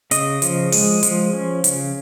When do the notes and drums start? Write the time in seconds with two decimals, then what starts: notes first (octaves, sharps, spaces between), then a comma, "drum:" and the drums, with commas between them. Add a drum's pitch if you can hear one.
0.11 C#3 D#5, drum: hi-hat
0.42 F3, drum: hi-hat
0.72 G#3, drum: open hi-hat
1.03 F3, drum: hi-hat
1.33 C#4
1.64 C#3, drum: hi-hat